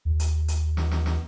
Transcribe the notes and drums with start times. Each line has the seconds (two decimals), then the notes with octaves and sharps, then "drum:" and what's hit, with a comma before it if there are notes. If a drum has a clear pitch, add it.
0.05 D#2
0.20 drum: hi-hat
0.48 drum: hi-hat
0.77 drum: snare
0.91 drum: snare
1.06 drum: snare